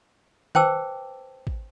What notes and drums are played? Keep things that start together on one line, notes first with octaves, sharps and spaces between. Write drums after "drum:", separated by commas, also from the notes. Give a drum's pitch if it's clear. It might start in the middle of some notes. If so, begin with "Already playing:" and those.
B4 C5 G5 A5 D6 E6, drum: tom D#3
drum: kick